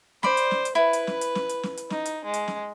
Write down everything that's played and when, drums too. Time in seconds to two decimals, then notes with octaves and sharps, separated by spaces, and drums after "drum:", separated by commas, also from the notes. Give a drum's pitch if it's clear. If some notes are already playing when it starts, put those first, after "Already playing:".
0.23 C5 D5 B5, drum: snare
0.37 drum: hi-hat
0.51 drum: snare
0.65 drum: hi-hat
0.75 E4 B4
0.93 drum: hi-hat
1.07 drum: snare
1.21 drum: hi-hat
1.35 drum: snare
1.49 drum: hi-hat
1.63 drum: snare
1.77 drum: hi-hat
1.90 D#4, drum: snare
2.05 drum: hi-hat
2.24 G#3
2.34 drum: hi-hat
2.48 drum: snare